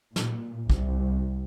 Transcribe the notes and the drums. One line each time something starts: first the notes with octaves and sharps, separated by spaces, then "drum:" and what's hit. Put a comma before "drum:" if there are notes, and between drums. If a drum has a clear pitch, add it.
A#2, drum: snare
C2, drum: kick